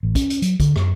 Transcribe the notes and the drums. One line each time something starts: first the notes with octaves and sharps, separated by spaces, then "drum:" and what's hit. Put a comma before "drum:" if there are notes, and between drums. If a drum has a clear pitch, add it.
A1
C#4, drum: kick, hi-hat
drum: hi-hat
F#3, drum: hi-hat
D3, drum: kick, hi-hat
F#2, drum: rim click